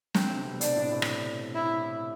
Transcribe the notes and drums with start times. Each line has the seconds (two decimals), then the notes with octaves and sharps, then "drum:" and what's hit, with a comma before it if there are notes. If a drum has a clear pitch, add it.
0.14 D3 C4, drum: snare
0.31 C3
0.41 C3
0.46 B2
0.61 B2 D4, drum: hi-hat
0.76 A2
0.92 A2
1.02 drum: rim click
1.55 E4